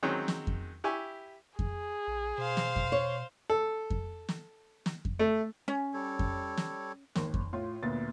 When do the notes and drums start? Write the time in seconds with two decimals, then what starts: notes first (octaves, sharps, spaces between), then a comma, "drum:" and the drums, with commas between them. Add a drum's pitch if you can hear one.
0.03 D#3 F#3 G#3 C4 C#4
0.28 drum: snare
0.47 drum: kick F2
0.84 E4 G4 G#5 C#6
1.59 G#4, drum: kick F2
2.08 A#1
2.38 B2 C5 F5
2.57 drum: snare
2.76 drum: kick F2
2.92 C#5
3.50 A4
3.90 drum: kick F2
4.29 drum: snare
4.86 drum: snare
5.05 drum: kick F2
5.19 A3
5.68 C#4
5.94 G3 A4 C#5
6.19 drum: kick F2
6.57 drum: snare
7.16 G#1 D#2, drum: snare
7.34 drum: kick F2
7.53 A2 F4 C6
7.83 D2 A#2 B3 A6